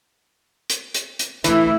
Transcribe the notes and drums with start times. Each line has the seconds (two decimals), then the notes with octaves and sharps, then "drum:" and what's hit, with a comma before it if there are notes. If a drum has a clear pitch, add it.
0.70 drum: hi-hat
0.94 drum: hi-hat
1.19 drum: hi-hat
1.44 E3 A3 E4, drum: hi-hat